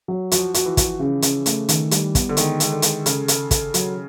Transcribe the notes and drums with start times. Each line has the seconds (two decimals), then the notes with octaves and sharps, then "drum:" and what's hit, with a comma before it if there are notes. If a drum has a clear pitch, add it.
0.08 F#3
0.31 F3 F#4, drum: hi-hat
0.54 F#4, drum: hi-hat
0.66 E3
0.77 F#4, drum: kick, hi-hat
1.00 C#3
1.22 C#3, drum: hi-hat
1.46 A3, drum: hi-hat
1.69 D#3, drum: hi-hat
1.91 G3, drum: hi-hat
2.15 B3, drum: kick, hi-hat
2.29 D3
2.37 D#3 G#3, drum: hi-hat
2.60 G#3, drum: hi-hat
2.72 D3
2.82 G#3, drum: hi-hat
3.06 C#3 A4, drum: hi-hat
3.28 A4, drum: hi-hat
3.51 A4, drum: kick, hi-hat
3.74 F#3, drum: hi-hat